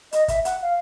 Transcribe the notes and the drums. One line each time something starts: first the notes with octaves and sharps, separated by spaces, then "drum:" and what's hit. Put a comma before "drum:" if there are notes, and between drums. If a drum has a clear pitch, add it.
D#5, drum: hi-hat
E5, drum: kick, hi-hat
F#5, drum: hi-hat
F5